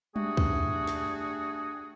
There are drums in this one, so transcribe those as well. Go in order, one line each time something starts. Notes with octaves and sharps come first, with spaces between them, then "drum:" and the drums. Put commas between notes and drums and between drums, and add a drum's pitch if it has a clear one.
G3 A3 D4 F#4 G#4, drum: tom G3
drum: kick
drum: snare